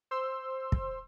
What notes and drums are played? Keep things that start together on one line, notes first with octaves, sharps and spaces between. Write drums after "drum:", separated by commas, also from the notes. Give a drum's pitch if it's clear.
C5 C6 E6
drum: kick